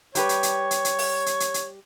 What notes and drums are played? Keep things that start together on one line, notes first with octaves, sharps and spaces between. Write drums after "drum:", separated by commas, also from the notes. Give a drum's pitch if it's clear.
G3 G4 B4 C#5, drum: hi-hat
drum: hi-hat
drum: hi-hat
drum: hi-hat
drum: hi-hat
drum: open hi-hat
drum: hi-hat
drum: hi-hat
drum: hi-hat